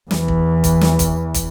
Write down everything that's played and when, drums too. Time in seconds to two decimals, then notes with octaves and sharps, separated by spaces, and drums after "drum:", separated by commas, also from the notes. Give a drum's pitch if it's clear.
0.11 E2 E3, drum: snare
0.28 drum: kick
0.64 drum: kick, hi-hat
0.81 drum: snare
0.99 drum: kick, hi-hat
1.34 drum: kick, hi-hat